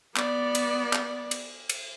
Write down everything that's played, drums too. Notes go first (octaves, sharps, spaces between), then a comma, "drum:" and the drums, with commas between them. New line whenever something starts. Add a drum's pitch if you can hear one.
B3 D5, drum: clap
drum: cymbal
drum: clap
drum: cymbal
drum: cymbal